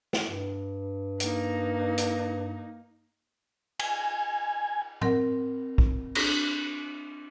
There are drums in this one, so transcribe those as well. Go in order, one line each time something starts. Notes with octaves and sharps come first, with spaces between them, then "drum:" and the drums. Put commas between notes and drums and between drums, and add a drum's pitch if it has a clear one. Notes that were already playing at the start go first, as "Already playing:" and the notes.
drum: snare
G2
A#3 D#4, drum: hi-hat
drum: hi-hat
G#5, drum: cymbal
C4 A#4 F#5, drum: tom
drum: kick B1
D4 A#6, drum: cymbal